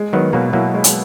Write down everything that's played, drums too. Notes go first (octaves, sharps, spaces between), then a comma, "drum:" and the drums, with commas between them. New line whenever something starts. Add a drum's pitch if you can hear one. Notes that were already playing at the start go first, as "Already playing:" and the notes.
Already playing: G#3
D#3 F#3 B3
B2 F#3 A#3
F#3 A#3 E4
G#3
drum: hi-hat